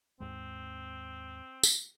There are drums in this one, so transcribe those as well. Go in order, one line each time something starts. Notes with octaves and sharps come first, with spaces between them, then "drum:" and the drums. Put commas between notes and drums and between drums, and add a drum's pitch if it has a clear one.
D#2 G#2 G#3 C4
drum: tambourine